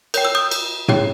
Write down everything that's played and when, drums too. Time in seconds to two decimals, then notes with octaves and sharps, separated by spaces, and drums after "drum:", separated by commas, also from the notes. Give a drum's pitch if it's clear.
0.14 A#4 C#5 G5 G6, drum: cymbal
0.25 E6
0.35 D#6 G6
0.51 drum: cymbal
0.88 G#4 C#5 G5, drum: tom